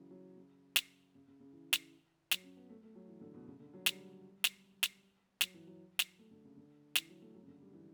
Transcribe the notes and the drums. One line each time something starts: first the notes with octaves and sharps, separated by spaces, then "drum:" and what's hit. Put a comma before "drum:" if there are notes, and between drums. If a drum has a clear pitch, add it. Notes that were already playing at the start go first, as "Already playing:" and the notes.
Already playing: C#3 E3 F#3
F#3
C#3
drum: snare
C#3
C#3
C#3
E3
drum: snare
F#3, drum: snare
C#4
B3
A3
A3
F#3
E3
D3
B2
C#3
D3
F#3
G3, drum: snare
drum: snare
drum: snare
F#3, drum: snare
E3
F#3
drum: snare
A3
D3
C#3
D3
E3, drum: snare
F#3
A3
F#3
C#3
D3
G3
E3